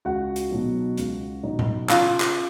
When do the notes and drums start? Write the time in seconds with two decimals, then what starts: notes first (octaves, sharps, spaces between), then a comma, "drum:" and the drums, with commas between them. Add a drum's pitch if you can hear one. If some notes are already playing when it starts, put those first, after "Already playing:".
0.05 C#2 F#4 F#5
0.36 drum: hi-hat
0.51 B2 F#3 B3 D#4
0.98 C#2, drum: hi-hat
1.43 B2 F#3 B3 D#4
1.59 drum: tom A2
1.89 C#3 F4 F5, drum: clap
2.20 drum: clap